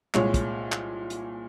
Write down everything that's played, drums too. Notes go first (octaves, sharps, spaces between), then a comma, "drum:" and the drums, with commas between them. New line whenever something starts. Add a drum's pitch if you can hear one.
C2 A#2 G#3 C#5, drum: clap
drum: kick, hi-hat
drum: clap
drum: hi-hat